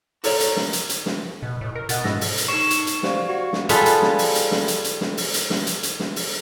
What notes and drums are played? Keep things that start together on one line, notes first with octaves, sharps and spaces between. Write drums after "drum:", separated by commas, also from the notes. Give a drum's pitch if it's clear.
F#4 A4 A#4 C#5 D5, drum: open hi-hat
drum: hi-hat
drum: snare
drum: hi-hat
drum: hi-hat
drum: snare
B2
A2
A#4
B2 D#5 F#5 A6, drum: hi-hat
G#2 E6 A#6, drum: snare
drum: open hi-hat
drum: hi-hat
D#4 C#6 C7 E7
drum: hi-hat
drum: hi-hat
G4 C5 D5 F5, drum: snare
F#4 G4
drum: snare
G3 F4 G#4 A4 B4, drum: hi-hat
drum: hi-hat
drum: snare
drum: open hi-hat
drum: hi-hat
drum: snare
drum: hi-hat
drum: hi-hat
drum: snare
drum: open hi-hat
drum: hi-hat
drum: snare
drum: hi-hat
drum: hi-hat
drum: snare
drum: open hi-hat